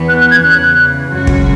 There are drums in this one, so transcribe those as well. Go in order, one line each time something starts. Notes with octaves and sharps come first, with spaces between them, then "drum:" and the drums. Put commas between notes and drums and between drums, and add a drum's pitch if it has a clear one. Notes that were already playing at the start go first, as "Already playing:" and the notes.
Already playing: E2 E3 B3
F#6
F#6
G#6
E2 C#3 E3 F#6
F#2 C#3 G#3 C#4 F#4
drum: kick